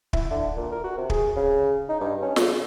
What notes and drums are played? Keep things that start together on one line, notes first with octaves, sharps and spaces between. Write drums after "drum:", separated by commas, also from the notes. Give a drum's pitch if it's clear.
E4, drum: kick
D3
A#2
A#4
F#4
C3
G#4, drum: kick
C#3
D#4
G2
C#4
C#3, drum: snare